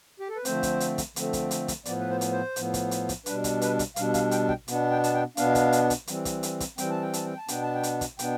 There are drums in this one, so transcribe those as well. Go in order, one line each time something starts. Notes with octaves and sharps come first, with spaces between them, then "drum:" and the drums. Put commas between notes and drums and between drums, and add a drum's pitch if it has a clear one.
G4
A4
B4
D3 F3 A3 C4 C5, drum: hi-hat
drum: kick, hi-hat
drum: hi-hat
drum: kick, hi-hat
D3 F3 A3 C4, drum: hi-hat
drum: kick, hi-hat
drum: hi-hat
drum: kick, hi-hat
A2 F3 B3 D5, drum: hi-hat
B4
C5
drum: hi-hat
C5
A2 F3 B3, drum: hi-hat
drum: kick, hi-hat
drum: hi-hat
drum: kick, hi-hat
B2 G3 D4 B4, drum: hi-hat
drum: kick, hi-hat
B4, drum: hi-hat
drum: kick, hi-hat
B2 G3 D4 F5, drum: hi-hat
F5, drum: kick, hi-hat
G5, drum: hi-hat
G5, drum: kick
B2 B3 D4, drum: hi-hat
G5
A5, drum: hi-hat
G5
B2 B3 D4 F5, drum: hi-hat
drum: kick, hi-hat
drum: hi-hat
drum: kick, hi-hat
E3 G3 C4, drum: hi-hat
drum: kick, hi-hat
drum: hi-hat
drum: kick, hi-hat
E3 G3 C4 G5, drum: hi-hat
A5
G5
A5, drum: hi-hat
G5
A5
B2 B3 D4 G5, drum: hi-hat
A5
G5
drum: hi-hat
drum: kick, hi-hat
B2 B3 D4 G5, drum: hi-hat